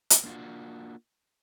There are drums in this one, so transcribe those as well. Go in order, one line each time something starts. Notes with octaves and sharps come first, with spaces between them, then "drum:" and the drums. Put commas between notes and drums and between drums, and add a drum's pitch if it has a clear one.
drum: hi-hat
A#3 D4 F4 F#4